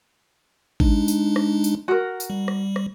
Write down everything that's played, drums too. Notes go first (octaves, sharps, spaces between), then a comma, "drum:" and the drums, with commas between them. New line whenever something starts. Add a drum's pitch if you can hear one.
G#3 D4 D#4, drum: kick G#1
drum: tambourine
drum: rim click
drum: tambourine
F#4 A#4
drum: tambourine
G3
drum: rim click
drum: rim click